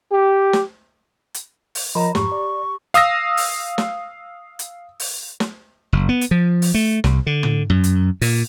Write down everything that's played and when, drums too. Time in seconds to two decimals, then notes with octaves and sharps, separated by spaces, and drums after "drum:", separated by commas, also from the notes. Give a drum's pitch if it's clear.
0.12 G4
0.53 drum: snare
1.34 drum: hi-hat
1.75 drum: open hi-hat
1.95 F3 A#4 C#5 D#5 A#5 B5
2.15 F2 G#2 G4 C#6, drum: snare
2.32 D5
2.94 F5 D#6 E6 A#6, drum: hi-hat
3.37 drum: open hi-hat
3.78 drum: snare
4.59 drum: hi-hat
5.00 drum: open hi-hat
5.40 drum: snare
5.93 F#1
6.09 B3
6.21 drum: hi-hat
6.31 F3
6.62 drum: open hi-hat
6.74 A3
7.04 C2, drum: snare
7.27 D3
7.43 drum: tom
7.70 F#2
7.84 drum: hi-hat
8.21 A#2, drum: open hi-hat